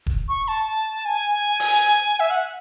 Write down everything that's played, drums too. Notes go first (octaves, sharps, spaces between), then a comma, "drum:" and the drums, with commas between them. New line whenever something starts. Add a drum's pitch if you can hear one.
drum: kick E1
C#6
A5
G#5
drum: open hi-hat
E5
F#5